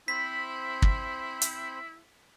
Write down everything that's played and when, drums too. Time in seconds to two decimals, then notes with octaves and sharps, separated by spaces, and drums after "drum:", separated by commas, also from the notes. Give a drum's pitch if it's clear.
0.08 C4 E4 C5 B5 B6
0.82 drum: kick
1.42 drum: hi-hat